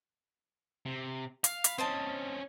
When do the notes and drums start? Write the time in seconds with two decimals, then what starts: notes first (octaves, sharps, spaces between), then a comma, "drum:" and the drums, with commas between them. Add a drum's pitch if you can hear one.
0.86 C3
1.44 F5, drum: hi-hat
1.64 B5, drum: hi-hat
1.78 C4 C#4 C5 D#5 A5